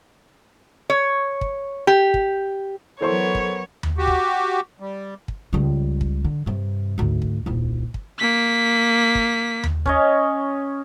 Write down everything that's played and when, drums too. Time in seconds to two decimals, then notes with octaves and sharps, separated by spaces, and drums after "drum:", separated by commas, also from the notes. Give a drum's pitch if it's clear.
0.90 C#5
1.41 drum: kick
1.87 G4
2.14 drum: kick
3.01 E3 F#3 B3 A4 A#4 C5 C#5 C#6
3.35 drum: kick
3.83 drum: tom D#2
3.98 F#4 G4
4.07 drum: kick
4.80 G3
5.28 drum: kick
5.53 C#2 G3
6.01 drum: kick
6.24 D3
6.46 G2 C3
6.98 G#1 D2
7.22 drum: kick
7.46 D#1 C2
7.94 drum: kick
8.19 A#3 B6
9.15 drum: kick
9.63 drum: tom D#2
9.86 C#4 C#5 D#5, drum: kick